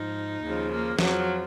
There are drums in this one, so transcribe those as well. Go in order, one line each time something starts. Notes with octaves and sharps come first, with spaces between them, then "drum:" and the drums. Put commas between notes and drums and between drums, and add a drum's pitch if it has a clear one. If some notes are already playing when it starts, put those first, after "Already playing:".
Already playing: G#2 F3 D#4
D#2 C#3 F3
A#3
F2 F3 F#3, drum: snare